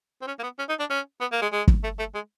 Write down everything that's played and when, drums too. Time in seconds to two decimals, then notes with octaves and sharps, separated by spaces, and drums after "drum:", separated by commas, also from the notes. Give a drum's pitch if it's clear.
0.22 C4
0.28 C#4
0.39 A#3
0.43 B3
0.59 C#4
0.69 D#4
0.80 D4
0.90 C#4
1.21 B3
1.32 A#3
1.42 G#3
1.53 G#3
1.68 drum: kick
1.84 A3
1.99 A3
2.15 G#3